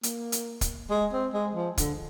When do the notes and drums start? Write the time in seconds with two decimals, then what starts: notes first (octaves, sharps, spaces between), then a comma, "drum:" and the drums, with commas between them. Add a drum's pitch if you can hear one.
0.03 A#3, drum: hi-hat
0.32 drum: hi-hat
0.61 drum: kick, hi-hat
0.90 G#3
1.12 C4
1.33 G#3
1.55 F3
1.78 D3, drum: kick, hi-hat